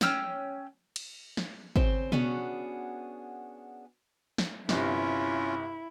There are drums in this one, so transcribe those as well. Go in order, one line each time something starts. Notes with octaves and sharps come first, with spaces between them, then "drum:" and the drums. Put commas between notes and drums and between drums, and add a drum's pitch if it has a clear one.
C#4 G5 E6 F6, drum: snare
drum: cymbal
drum: snare
C#3 C4 C5, drum: kick
B3 C#4 D4 F#4 G#4, drum: tom B2
drum: snare
G1 C3 C#4 E4 F4, drum: snare